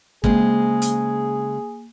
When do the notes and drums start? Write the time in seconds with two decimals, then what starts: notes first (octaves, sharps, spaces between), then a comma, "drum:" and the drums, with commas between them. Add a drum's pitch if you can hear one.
0.24 C#3 G#3 A#3 C4 G#4, drum: kick
0.82 drum: hi-hat